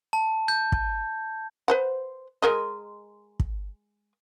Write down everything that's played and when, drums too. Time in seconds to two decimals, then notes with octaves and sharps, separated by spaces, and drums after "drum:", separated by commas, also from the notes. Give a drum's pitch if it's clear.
0.13 A5
0.48 G6
0.72 drum: kick
1.68 B4 C5 F#5
2.42 G#3 A#4 D#5
3.40 drum: kick